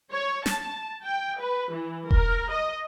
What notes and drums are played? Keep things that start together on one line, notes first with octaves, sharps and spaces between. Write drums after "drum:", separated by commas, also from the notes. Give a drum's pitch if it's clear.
C#5
A5, drum: snare
G5
B4
E3
A#4, drum: kick E1
D#5